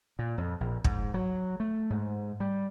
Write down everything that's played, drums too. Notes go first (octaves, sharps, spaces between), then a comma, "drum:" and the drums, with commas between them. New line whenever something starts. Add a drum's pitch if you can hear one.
A#2
F2
A#1
G#2, drum: kick
F#3
A3
G#2
G3